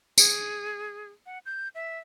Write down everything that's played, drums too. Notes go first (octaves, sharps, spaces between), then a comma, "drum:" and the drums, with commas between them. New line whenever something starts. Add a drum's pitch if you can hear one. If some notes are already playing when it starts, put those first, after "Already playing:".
G#4, drum: tambourine
F#5
G6
E5